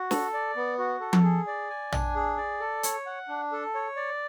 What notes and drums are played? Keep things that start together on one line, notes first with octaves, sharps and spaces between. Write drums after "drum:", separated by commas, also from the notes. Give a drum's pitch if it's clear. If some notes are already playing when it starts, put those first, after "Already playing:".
Already playing: F#4
A4, drum: snare
D5
B3
F#4
A4
drum: tom F3
G#4
D5
G#5
D4, drum: tom A#1
G#4
D5
A4
C#5, drum: hi-hat
F#5
D4
A4
C#5
D5